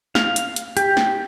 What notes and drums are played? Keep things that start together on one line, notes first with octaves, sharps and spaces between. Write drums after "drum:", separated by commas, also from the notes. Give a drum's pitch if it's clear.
F5, drum: snare
drum: hi-hat
drum: hi-hat
G4, drum: hi-hat
drum: snare